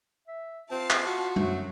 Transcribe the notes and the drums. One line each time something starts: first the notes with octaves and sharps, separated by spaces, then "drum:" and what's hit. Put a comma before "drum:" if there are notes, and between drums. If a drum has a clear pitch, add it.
E5
C4 F4 F5 A5
drum: clap
F#4
F#2 F#3 A3, drum: tom G3